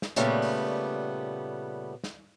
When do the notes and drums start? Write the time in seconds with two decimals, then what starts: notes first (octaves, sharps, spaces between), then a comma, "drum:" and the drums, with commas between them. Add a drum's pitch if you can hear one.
0.02 drum: snare
0.16 A#2 C#3 G3 A3 B3, drum: hi-hat
0.42 drum: open hi-hat
2.04 drum: snare